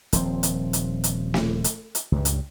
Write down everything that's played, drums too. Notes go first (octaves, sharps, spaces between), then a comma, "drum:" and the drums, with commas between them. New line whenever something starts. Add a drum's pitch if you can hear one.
D#1 F3 C4, drum: hi-hat
drum: hi-hat
drum: hi-hat
drum: hi-hat
drum: snare
drum: hi-hat
drum: hi-hat
C#2 G2
drum: hi-hat